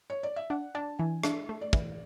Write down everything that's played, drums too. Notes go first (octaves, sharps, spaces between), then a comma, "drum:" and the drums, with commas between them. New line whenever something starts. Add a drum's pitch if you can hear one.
C#5
D5
E5
D4 F#5
D4 A5
E3 G#5
D4 E5, drum: rim click
A3
D5
E3, drum: kick